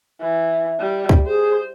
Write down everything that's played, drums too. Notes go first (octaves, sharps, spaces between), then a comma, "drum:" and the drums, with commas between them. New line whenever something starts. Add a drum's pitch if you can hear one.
E3
G3
drum: kick
G#4 C5